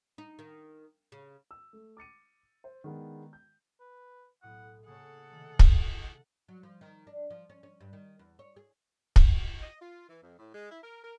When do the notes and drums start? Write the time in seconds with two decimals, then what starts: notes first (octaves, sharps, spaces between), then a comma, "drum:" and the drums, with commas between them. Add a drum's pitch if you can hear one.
0.18 D#4
0.39 D#3
1.12 C#3
1.51 E6
1.73 A3
1.97 D6 A6 C#7 D#7
2.64 C5
2.84 D#3 G#3 B3 D4
3.33 G6
3.80 B4
4.42 B1 A2 F#5 D#6
4.86 C#3 A#3 G#4 A4 C#5 F#5
5.30 C3 D#3 A3
5.59 drum: kick
6.49 F#3
6.63 F3
6.81 D#3
7.07 D4
7.30 F3
7.49 C#4
7.63 C#4
7.81 G2
7.93 D#3
8.19 E2
8.39 C#5
8.56 G#4
9.16 drum: kick
9.62 D#5
9.81 F4
10.09 E3
10.22 F2
10.39 A2
10.54 G#3
10.71 E4
10.83 A#4
11.04 A#4